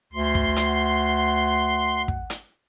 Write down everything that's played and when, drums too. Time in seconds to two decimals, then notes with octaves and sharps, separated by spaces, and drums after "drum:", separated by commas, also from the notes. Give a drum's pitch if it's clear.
0.13 D2 C6
0.35 drum: kick
0.56 drum: hi-hat
0.66 F#5
2.08 drum: kick
2.30 drum: hi-hat